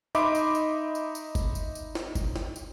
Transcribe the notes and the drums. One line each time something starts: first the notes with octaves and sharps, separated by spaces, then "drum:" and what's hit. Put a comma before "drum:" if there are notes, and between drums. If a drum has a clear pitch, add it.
D#4 D#5 E5 B5 C6 D6, drum: tambourine
drum: tambourine
drum: tambourine
drum: tambourine
drum: tambourine
drum: kick F#1, tambourine
drum: tambourine
drum: tambourine
drum: snare
drum: kick F#1, tambourine
drum: snare
drum: tambourine